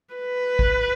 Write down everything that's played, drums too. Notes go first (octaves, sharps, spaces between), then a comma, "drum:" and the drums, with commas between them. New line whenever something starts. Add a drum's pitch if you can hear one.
B4
drum: kick